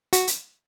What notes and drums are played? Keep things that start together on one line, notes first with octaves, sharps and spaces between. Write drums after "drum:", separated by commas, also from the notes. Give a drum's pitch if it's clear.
F#4, drum: hi-hat
drum: hi-hat